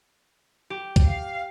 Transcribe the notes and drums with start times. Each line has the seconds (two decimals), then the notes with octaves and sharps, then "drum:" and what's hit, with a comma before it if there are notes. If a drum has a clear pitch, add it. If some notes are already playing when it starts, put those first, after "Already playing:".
0.70 G4
0.96 drum: kick C#2, hi-hat
1.07 F5